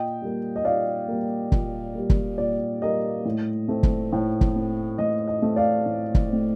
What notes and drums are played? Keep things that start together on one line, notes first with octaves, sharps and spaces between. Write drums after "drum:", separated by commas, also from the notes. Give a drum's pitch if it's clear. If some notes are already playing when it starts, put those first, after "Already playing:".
Already playing: A#2 D#5 G5
G3 A#3
D#5
A#2 D5 F5
G3 A#3
A#2, drum: kick
G3 A#3
drum: kick
A#2 D5
G3 A#3 D#5
A2
A3 C4
drum: kick
A2
drum: kick
A3 C4
A2 D#5
D#5
A3 C4
D5 F5
A2
drum: kick
A3 C4